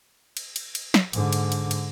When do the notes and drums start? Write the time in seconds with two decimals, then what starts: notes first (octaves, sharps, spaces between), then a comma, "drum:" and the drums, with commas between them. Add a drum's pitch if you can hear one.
0.37 drum: cymbal
0.56 drum: cymbal
0.75 drum: cymbal
0.94 drum: snare
1.13 G#2 D3, drum: cymbal
1.33 drum: cymbal
1.52 drum: cymbal
1.71 drum: cymbal